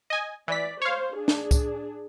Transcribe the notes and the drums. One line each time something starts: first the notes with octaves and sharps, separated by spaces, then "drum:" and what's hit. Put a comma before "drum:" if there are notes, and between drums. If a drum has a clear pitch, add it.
D#5 G#5
E3 D5 B6
C5 C#5 F5
D4 G#4
drum: snare D4
drum: kick, tambourine